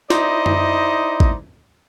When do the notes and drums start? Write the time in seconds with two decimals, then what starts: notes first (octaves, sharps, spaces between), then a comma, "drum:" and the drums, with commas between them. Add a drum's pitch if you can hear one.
0.10 D#4 E4 C5 D5 D#5, drum: snare
0.46 drum: tom F#2
1.20 drum: kick A1